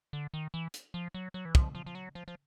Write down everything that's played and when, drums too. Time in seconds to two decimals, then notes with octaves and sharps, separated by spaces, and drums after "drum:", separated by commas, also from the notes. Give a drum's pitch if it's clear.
0.13 D3
0.34 D#3
0.54 E3
0.74 drum: hi-hat
0.94 F3
1.14 F#3
1.34 F#3
1.45 E3
1.55 F3, drum: kick
1.75 F3
1.86 F3
1.95 F#3
2.15 F3
2.28 F3